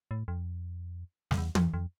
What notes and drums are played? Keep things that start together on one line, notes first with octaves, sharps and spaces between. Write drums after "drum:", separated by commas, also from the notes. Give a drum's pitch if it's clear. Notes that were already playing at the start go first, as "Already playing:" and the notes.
A2
F2
F2, drum: snare
E2
F2, drum: tom
F2